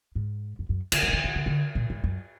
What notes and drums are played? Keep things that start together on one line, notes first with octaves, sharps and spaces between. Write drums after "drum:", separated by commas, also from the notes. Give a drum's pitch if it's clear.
G#2
F#2
F#2
D3, drum: cymbal
F3
D3
D#3
D#3
D3
D3
A#2
G#2
F#2